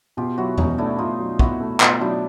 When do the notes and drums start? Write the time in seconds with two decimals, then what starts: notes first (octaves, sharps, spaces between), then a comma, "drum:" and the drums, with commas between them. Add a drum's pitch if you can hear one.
0.17 B2 F4 G4
0.37 F#3 E4 F#4
0.58 B2 C#4 D#4, drum: tom E2
0.78 A3 D4 E4
0.98 B2 D#4 F4
1.19 F#3
1.39 B2 E4 F#4, drum: kick
1.60 A3
1.80 B2 D#4 F4, drum: clap
2.01 F#3 D4 E4